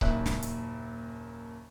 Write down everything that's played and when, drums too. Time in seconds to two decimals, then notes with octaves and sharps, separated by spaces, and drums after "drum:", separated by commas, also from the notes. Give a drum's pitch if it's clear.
0.01 F#1 D#2 A#2 E5 F#6, drum: kick C#1
0.26 drum: snare
0.42 drum: hi-hat